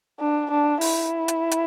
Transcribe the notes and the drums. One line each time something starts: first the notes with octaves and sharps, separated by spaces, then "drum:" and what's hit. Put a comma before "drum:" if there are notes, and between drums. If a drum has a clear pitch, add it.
D4
D4
E4, drum: open hi-hat
drum: hi-hat
drum: hi-hat